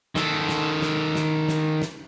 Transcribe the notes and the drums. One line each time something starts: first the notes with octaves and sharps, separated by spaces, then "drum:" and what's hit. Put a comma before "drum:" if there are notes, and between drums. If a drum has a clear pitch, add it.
D#3 A4, drum: snare
drum: snare
drum: snare
drum: snare
drum: snare
drum: snare